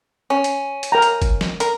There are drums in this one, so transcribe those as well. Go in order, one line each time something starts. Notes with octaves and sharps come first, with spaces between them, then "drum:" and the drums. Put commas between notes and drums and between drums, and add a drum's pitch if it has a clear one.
C#4
drum: hi-hat
drum: hi-hat
A#4 G5 A#5
drum: hi-hat
drum: kick, hi-hat
drum: snare
A#4, drum: hi-hat